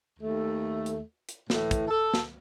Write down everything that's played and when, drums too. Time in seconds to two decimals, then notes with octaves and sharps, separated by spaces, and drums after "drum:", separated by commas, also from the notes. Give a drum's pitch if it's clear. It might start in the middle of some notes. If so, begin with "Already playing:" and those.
0.20 D#2 A3
0.86 drum: hi-hat
1.29 drum: hi-hat
1.50 A2 E3 A3, drum: snare
1.71 drum: kick, hi-hat
1.88 A4
2.14 drum: snare